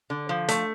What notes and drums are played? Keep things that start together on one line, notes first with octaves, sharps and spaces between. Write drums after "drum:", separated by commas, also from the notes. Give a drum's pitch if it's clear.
D3
F3
A3, drum: hi-hat